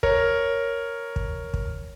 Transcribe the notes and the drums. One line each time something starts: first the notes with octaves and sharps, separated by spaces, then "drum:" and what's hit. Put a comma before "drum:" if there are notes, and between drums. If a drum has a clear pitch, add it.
A#4 C#5, drum: kick
drum: kick
drum: kick